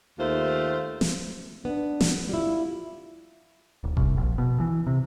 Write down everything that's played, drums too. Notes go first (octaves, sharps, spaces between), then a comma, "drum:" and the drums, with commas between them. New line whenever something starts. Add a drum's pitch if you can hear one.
D#2 A3 F4 C5
drum: snare
B3 D4
drum: snare
G3 E4 F4
D1
C2, drum: kick E1
A#1
B2
E3
C3